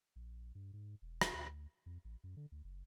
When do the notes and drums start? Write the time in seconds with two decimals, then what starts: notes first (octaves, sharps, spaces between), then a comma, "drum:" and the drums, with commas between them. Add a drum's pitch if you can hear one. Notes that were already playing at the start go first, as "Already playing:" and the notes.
0.16 A#1
0.55 G2
0.73 G#2
1.02 E1
1.21 drum: rim click
1.34 D2
1.86 F2
2.05 A1
2.24 F#2
2.37 D3
2.52 D2
2.64 F#1